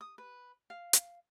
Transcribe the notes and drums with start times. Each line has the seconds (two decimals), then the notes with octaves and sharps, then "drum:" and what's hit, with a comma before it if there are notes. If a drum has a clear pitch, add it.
0.01 D#6
0.18 B4
0.70 F5
0.93 drum: hi-hat